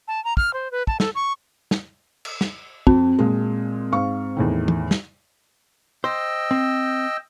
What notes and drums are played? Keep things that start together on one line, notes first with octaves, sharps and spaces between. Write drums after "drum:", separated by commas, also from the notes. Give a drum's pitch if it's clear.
A5
A#5
F6, drum: kick
C5
B4
A5, drum: kick
A4, drum: snare
C#6
drum: snare
drum: cymbal
drum: snare
F2 C4, drum: kick
A#2 G#3
G#2 F5 C#6
E2 A2 D#3
drum: tom
drum: snare
C5 D#5 G5 E6
C4